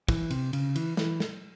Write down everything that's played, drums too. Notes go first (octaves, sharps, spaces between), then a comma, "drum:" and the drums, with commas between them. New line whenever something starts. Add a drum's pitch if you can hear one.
E3, drum: kick, cymbal
C3, drum: cymbal
C#3, drum: cymbal
E3, drum: cymbal
E3, drum: snare
drum: snare